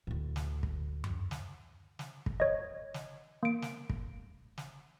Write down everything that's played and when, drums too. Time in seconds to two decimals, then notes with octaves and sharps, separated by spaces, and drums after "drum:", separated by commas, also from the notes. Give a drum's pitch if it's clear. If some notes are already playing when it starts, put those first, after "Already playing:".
0.07 D2 A2
0.36 drum: snare
0.63 drum: kick
1.04 drum: tom F#2
1.31 drum: snare
1.99 drum: snare
2.26 drum: kick
2.40 C#5 D#5
2.94 drum: snare
3.43 A#3 D7
3.62 drum: snare
3.90 drum: kick
4.58 drum: snare